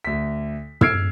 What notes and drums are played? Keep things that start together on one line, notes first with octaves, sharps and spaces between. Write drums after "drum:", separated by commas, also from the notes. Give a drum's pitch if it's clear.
D2 B6
E6 F6 G#6 C7 D7, drum: tom